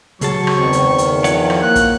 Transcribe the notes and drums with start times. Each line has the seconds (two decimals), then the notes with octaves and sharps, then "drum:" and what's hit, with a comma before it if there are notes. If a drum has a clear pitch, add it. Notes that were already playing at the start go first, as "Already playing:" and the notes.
0.21 C#2 F#3 G#4 A5 C#6, drum: hi-hat
0.47 drum: rim click
0.58 E2 D#3 C4
0.73 drum: hi-hat
0.98 drum: hi-hat
1.24 F3 C#5 F#5, drum: hi-hat
1.50 drum: rim click
1.62 A#3 F#6
1.75 drum: kick, hi-hat